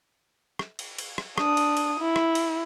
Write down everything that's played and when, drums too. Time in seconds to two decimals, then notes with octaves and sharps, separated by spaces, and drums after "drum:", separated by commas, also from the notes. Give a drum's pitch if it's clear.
0.59 drum: rim click
0.79 drum: cymbal
0.98 drum: cymbal
1.18 drum: rim click
1.38 D4 D#6, drum: rim click
1.57 drum: cymbal
1.77 drum: cymbal
2.00 E4
2.16 drum: rim click
2.35 drum: cymbal